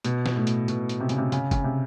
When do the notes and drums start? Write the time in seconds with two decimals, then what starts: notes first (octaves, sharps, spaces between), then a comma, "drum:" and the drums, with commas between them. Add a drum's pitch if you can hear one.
0.04 B2, drum: hi-hat
0.26 drum: snare
0.36 A2
0.47 drum: hi-hat
0.68 B2, drum: hi-hat
0.89 drum: hi-hat
1.00 C3
1.09 C#3, drum: hi-hat
1.18 C3
1.32 C#3, drum: hi-hat
1.51 C#3, drum: kick, hi-hat
1.64 C3